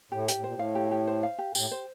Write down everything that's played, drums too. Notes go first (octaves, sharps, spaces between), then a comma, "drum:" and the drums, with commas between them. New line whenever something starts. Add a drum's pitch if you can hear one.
A2 G4
G4, drum: hi-hat
A2
A#2 C5
A2
F5
G4
G4
C5
F5
G4
A2 G4, drum: tambourine
C5